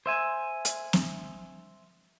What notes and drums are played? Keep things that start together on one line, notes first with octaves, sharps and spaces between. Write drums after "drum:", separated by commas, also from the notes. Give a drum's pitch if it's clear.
C5 E5 G#5
drum: hi-hat
drum: snare